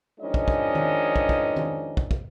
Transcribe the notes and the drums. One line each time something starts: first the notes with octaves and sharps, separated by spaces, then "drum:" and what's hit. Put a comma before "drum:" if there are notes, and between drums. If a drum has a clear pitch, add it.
D#3 F3 G#3 C#4 D4 D#5
drum: kick
drum: kick
drum: tom D#3
drum: kick
drum: kick
drum: tom D#3
drum: kick
drum: kick